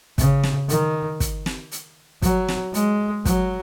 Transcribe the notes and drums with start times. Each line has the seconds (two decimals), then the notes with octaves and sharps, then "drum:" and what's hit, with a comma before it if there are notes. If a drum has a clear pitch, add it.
0.18 C#3, drum: kick, hi-hat
0.43 drum: snare
0.69 D#3, drum: hi-hat
1.20 drum: kick, hi-hat
1.46 drum: snare
1.72 drum: hi-hat
2.22 F#3, drum: kick, hi-hat
2.48 drum: snare
2.74 G#3, drum: hi-hat
3.25 F#3, drum: kick, hi-hat